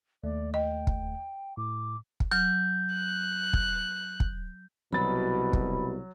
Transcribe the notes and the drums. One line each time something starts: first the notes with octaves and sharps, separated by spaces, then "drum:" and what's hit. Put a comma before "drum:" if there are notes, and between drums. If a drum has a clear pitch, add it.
D#2 A3 D5
D#5 G5
drum: kick
A2 D6
drum: kick
F#3 F6 G6
F#6
drum: kick
drum: kick
C2 B2 F#3 B5 A6
drum: kick